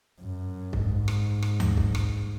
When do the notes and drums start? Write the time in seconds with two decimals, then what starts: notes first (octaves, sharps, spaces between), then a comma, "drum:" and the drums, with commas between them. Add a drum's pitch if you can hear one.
0.21 F#2
0.73 G#2, drum: kick
1.08 drum: rim click
1.42 drum: rim click
1.60 drum: tom D#2
1.77 drum: kick
1.95 drum: rim click